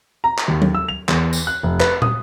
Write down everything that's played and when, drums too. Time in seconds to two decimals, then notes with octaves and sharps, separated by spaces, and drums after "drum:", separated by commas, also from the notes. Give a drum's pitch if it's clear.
0.24 A#5
0.38 drum: clap
0.48 D#2
0.62 drum: tom F#3
0.75 E6
0.88 F7
1.09 E2, drum: clap
1.33 drum: tambourine
1.47 F#6
1.63 F1
1.80 B4, drum: clap
2.02 D#6, drum: tom